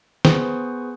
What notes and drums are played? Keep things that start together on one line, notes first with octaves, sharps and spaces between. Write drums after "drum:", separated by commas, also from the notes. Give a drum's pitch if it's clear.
B3 G#4 B4 C5 C#6 D#6, drum: snare